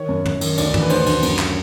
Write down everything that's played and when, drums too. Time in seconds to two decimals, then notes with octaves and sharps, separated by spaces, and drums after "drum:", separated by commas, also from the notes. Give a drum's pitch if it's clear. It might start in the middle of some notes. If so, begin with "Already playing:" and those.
Already playing: D#3 C#5
0.09 F#2
0.25 F#2, drum: tom
0.41 D#3, drum: cymbal
0.58 D2 D5, drum: cymbal
0.74 E3, drum: tom
0.81 B4
0.90 D2 C5, drum: cymbal
1.06 D2, drum: cymbal
1.23 F#2, drum: cymbal
1.39 drum: clap